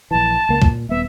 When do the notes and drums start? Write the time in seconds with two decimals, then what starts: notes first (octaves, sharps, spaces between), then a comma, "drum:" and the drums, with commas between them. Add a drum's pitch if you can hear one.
0.11 A#1 E3 A5
0.49 C#2 A#3
0.62 A#2, drum: kick C2
0.89 D#1 B3 E5